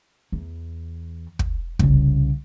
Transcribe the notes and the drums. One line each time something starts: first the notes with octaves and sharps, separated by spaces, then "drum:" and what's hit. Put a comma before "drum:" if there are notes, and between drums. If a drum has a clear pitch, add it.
E2
drum: kick
C2 C#3, drum: kick